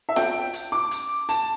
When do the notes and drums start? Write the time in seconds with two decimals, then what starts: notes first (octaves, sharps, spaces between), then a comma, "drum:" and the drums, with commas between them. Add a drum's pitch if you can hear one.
0.09 E5
0.16 G5, drum: snare F4
0.53 drum: hi-hat
0.72 D6
0.91 drum: hi-hat
1.29 A5, drum: hi-hat